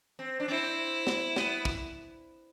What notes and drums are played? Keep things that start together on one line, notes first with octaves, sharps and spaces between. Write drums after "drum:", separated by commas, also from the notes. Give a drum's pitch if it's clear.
C4
D4
C4 E4
drum: snare
B3, drum: snare
drum: kick